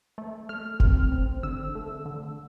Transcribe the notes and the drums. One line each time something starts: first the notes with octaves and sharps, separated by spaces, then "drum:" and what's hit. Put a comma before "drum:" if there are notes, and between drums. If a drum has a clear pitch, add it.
A3
A3 F6
C4, drum: kick F1
C4
D3 E6
A3
D3